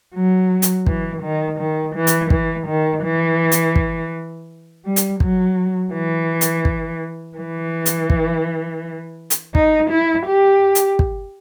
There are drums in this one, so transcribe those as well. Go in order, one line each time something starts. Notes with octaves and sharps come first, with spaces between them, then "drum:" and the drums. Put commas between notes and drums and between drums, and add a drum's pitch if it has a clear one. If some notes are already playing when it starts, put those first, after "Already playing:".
F#3
drum: hi-hat
E3, drum: kick
D#3
D#3
E3
drum: hi-hat
E3, drum: kick
D#3
E3
drum: hi-hat
drum: kick
G3
drum: hi-hat
F#3, drum: kick
E3
drum: hi-hat
drum: kick
E3
drum: hi-hat
drum: kick
drum: hi-hat
D#4, drum: kick
E4
G4
drum: hi-hat
drum: kick